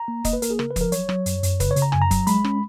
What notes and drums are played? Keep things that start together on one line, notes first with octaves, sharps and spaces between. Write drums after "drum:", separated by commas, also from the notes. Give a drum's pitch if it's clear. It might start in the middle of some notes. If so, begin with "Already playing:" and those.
Already playing: A#5
A#3
A#3 D#5, drum: kick, hi-hat
B4
A#3 A#4, drum: hi-hat
G#4
C#3 A#4, drum: rim click
B4
F3, drum: kick, hi-hat
A#4
F#3 C#5, drum: hi-hat
F#3, drum: rim click
F#2, drum: hi-hat
F#2, drum: hi-hat
C#3 B4, drum: kick, hi-hat
C#5
C#3, drum: hi-hat
A#5
F#2 G#5, drum: rim click
A#5
F#3, drum: kick, hi-hat
G#3 B5, drum: hi-hat
C#4, drum: rim click